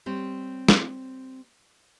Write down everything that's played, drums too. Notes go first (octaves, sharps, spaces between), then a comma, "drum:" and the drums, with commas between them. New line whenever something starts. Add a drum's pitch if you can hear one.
G3 C4 C#5
drum: snare